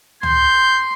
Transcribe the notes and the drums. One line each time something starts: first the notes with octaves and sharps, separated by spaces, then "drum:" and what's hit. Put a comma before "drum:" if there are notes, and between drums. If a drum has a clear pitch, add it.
C6 G6, drum: tom